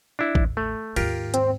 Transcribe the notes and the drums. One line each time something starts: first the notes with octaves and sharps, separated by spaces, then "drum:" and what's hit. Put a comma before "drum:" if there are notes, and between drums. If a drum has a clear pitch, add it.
D4 E4
A1 D#2, drum: kick A1
A3
D#2 G#2 F4 G4 A#4, drum: cymbal
C4, drum: hi-hat